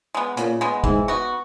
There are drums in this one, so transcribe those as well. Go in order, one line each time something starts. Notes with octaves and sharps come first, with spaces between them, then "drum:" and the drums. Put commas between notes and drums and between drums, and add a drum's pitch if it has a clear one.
G#3 B3
A#2 C#3, drum: hi-hat
G#3 B3
G#2 E3, drum: kick
B3 F#4